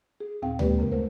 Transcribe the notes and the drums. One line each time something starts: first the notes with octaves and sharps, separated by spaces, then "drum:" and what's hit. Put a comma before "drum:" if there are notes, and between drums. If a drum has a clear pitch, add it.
G#4
D#2 A#2 C4 F5 G5
G#3 A#3 G4 B4 D5, drum: tom D2
F#2 C#3 A#4
D2 A3 A#4 C5